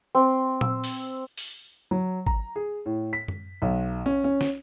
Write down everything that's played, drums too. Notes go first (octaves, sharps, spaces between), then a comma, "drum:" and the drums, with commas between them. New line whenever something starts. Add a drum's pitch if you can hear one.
C4
E6, drum: tom A#2
drum: open hi-hat
drum: open hi-hat
F#3
A#5, drum: kick G#1
G#4
A2
B6
drum: tom F#2
B1
C#4
C#4
drum: snare